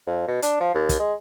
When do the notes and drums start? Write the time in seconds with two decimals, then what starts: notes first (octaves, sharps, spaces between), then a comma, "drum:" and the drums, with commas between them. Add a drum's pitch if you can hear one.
0.07 F2
0.28 B2
0.42 D4, drum: hi-hat
0.60 F3
0.74 D#2
0.89 drum: kick, hi-hat
0.99 G#3